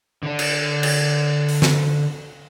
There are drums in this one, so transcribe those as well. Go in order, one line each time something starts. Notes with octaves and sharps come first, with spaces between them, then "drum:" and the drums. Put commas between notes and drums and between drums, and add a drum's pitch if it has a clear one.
D3 D4
drum: cymbal
drum: cymbal
drum: open hi-hat
drum: snare